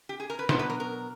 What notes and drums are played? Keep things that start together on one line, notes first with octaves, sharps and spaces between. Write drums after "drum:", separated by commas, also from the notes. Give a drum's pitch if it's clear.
G4
G#4
A#4
B4
B2 F#3 B3 D4 C5, drum: snare
B4
A#4
A#4